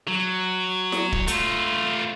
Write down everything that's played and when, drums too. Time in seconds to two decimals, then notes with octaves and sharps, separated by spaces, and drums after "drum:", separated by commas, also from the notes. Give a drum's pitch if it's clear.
0.07 F#3
0.92 drum: snare
1.12 drum: kick C#1
1.27 A3 F4, drum: hi-hat